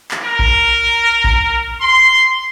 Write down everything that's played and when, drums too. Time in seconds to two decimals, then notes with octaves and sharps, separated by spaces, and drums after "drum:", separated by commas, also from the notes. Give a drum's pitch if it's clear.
0.11 drum: clap
0.25 A#4
0.39 drum: kick A1
1.24 drum: kick A1
1.81 C6